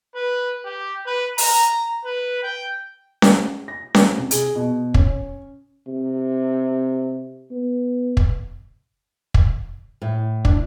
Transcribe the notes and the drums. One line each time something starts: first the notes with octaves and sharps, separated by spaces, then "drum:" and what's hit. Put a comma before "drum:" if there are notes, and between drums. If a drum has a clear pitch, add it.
B4
G4
B4
A#5, drum: open hi-hat
B4
G5
drum: snare C#4
A#6
drum: snare C#4
C3
G#4, drum: hi-hat
B2
C#4, drum: kick
C3
B3
drum: kick
drum: kick
A2
D4, drum: kick